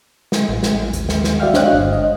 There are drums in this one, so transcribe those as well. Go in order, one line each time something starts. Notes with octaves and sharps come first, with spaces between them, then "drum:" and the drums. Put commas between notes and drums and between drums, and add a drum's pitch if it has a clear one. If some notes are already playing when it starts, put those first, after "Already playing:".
drum: snare
A1
drum: snare
D#2, drum: hi-hat
drum: snare
drum: snare
F#4 D5 E5 F5 G5 F6
D4 C5 C#5 D#5 F5 F#6, drum: snare
G1 F5
D#5